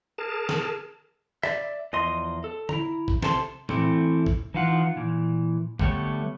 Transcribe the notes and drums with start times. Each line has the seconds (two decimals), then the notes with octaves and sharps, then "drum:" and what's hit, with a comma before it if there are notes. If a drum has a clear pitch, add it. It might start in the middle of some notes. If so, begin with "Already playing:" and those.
0.18 G#4 A#4 A5
0.49 drum: snare
1.43 D5 E5, drum: rim click
1.93 E2 F3 D#5 C6
2.44 A4
2.69 E4 A#5, drum: tom D3
3.08 drum: kick
3.22 C3 A4 A5 C6, drum: snare
3.69 E3 A3 C4 E4 A4, drum: tom A2
4.26 drum: kick
4.54 E3 D#4 F4 F#5
4.96 A#2 E3
5.79 D3 G3 A3 B3 C#5, drum: kick